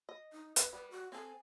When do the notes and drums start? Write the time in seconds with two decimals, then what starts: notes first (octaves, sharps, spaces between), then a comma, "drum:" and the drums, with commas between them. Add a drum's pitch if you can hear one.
0.09 D#5
0.33 D#4
0.56 B4, drum: hi-hat
0.73 G3 B4
0.91 F#4
1.12 C4 A4 G#5